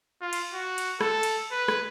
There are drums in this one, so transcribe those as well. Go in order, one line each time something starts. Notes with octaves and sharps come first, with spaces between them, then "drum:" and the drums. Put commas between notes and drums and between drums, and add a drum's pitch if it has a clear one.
F4
drum: cymbal
F#4
drum: cymbal
A4, drum: rim click
drum: cymbal
B4
drum: rim click